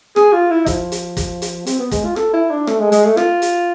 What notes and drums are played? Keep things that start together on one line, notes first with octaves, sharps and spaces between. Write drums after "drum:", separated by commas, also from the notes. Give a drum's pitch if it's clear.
G#4, drum: rim click
F4
E4
F3, drum: kick, hi-hat
drum: hi-hat
drum: kick, hi-hat
drum: hi-hat
C4, drum: hi-hat
B3
G#3, drum: kick, hi-hat
F4
A4, drum: rim click
E4
D4
A3, drum: rim click
G#3
G#3, drum: hi-hat
A3
F4, drum: rim click
drum: hi-hat